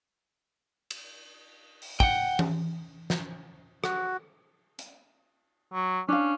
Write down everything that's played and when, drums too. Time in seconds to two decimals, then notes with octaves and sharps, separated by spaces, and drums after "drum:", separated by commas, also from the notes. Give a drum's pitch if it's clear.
0.90 drum: cymbal
1.82 drum: open hi-hat
2.00 F#5 G5, drum: kick
2.39 drum: tom E3
3.10 drum: snare
3.84 F#4, drum: rim click
4.79 drum: hi-hat
5.74 F#3
6.08 C#4 D4 F5